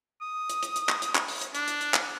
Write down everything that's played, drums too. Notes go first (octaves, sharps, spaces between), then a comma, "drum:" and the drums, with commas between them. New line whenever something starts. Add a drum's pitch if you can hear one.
D#6
drum: hi-hat
drum: hi-hat
drum: hi-hat
drum: clap
drum: hi-hat
drum: clap
drum: open hi-hat
drum: hi-hat
D4, drum: hi-hat
drum: hi-hat
drum: hi-hat
drum: clap